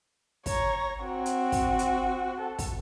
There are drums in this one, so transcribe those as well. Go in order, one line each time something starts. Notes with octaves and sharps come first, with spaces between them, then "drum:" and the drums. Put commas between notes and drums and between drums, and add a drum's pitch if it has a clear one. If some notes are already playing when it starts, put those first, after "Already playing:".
C#5 A#5, drum: kick, open hi-hat
C4 F#4
drum: hi-hat
drum: kick, open hi-hat
drum: hi-hat
A4
drum: kick, open hi-hat